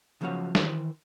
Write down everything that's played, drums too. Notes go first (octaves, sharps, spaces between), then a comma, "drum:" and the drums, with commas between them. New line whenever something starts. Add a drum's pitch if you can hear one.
C#3 F3 F#3 C#4 C#5 F#5
D#3 E3 C5, drum: snare